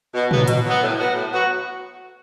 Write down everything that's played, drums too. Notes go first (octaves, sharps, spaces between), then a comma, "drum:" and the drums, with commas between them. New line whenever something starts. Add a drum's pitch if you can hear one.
B2
F#3 B3, drum: tom
B2, drum: hi-hat
F#3 B3
A2
F#3 B3 F#4
A2
F#3 B3 F#4